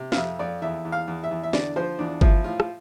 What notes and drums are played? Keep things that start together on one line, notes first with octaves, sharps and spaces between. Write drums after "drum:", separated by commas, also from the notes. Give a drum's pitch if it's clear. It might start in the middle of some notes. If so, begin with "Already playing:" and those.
Already playing: C3
F5, drum: snare
F2 E5
F2 D5
E2 E5
E2
F5
E2
E5
E2
E5
D3 D5, drum: snare
F3 C5
E2 D4
F3 E4, drum: kick G1
A2 F4
drum: rim click